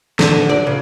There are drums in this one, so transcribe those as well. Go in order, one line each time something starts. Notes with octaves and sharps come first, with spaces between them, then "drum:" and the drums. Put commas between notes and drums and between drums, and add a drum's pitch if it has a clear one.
D3, drum: snare
D5
C#3